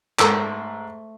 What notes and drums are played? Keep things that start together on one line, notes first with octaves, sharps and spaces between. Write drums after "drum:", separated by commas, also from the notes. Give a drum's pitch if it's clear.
G#2 A3 A#4 E6, drum: clap